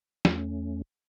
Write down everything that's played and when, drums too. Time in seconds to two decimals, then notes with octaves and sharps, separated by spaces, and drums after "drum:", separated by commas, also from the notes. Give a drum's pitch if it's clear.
0.25 E2 A3 C#4, drum: snare